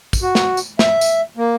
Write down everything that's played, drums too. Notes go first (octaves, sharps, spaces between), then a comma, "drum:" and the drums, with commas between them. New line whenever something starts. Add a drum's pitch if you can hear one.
drum: kick, tambourine
F#4
drum: snare
drum: tambourine
E5, drum: snare
drum: tambourine
A#3